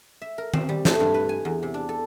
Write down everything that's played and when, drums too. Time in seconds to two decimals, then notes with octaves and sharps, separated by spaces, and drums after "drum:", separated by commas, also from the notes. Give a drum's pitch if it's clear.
0.22 E5
0.38 A#4
0.54 C4, drum: tom D#3
0.69 G3
0.85 A3, drum: snare
1.00 G2
1.14 B4
1.29 G#5
1.45 E2
1.63 C3
1.74 D4
1.89 A4